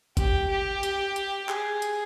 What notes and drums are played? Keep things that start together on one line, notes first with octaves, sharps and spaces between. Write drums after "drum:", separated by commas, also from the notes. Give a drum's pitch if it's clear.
G4, drum: kick G1, hi-hat
G4
drum: hi-hat
drum: hi-hat
G#4, drum: clap
drum: hi-hat